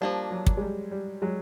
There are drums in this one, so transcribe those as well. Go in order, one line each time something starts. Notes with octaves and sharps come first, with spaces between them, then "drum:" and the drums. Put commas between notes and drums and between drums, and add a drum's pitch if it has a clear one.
F3 G3 A#3 D4
F#3
drum: kick
G#3
G3
G3
F#3 G#3